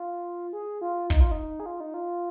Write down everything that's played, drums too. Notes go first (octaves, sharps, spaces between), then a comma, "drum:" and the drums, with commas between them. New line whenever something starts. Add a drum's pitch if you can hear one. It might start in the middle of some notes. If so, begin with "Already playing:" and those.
Already playing: F4
G#4
F4
D#4, drum: kick
F4
D#4
G#4
F4
D#4
F4